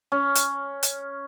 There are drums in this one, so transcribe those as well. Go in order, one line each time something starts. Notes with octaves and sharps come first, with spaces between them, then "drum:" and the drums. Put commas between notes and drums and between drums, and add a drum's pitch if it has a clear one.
C#4
drum: hi-hat
drum: hi-hat